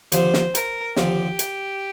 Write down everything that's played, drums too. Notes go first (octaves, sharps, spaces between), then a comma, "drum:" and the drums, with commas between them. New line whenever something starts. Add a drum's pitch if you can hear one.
D#2 D3 F3 C4 C5, drum: hi-hat
drum: snare
A#4, drum: hi-hat
D#2 D3 F3 C4 G4, drum: snare
drum: hi-hat